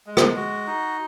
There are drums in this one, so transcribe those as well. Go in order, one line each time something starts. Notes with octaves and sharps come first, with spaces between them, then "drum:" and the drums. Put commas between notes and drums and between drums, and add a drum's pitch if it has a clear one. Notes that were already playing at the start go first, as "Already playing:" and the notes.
G#3
drum: rim click
F#4
D#4